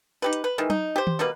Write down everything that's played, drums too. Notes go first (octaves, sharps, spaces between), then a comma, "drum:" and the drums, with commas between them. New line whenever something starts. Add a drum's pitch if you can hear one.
D#4 G4 B4
drum: hi-hat
B4
D#3 E3 G#3
D#4, drum: tom F#3
G4 C5
drum: tom D#3
B2 G3 A#3 B4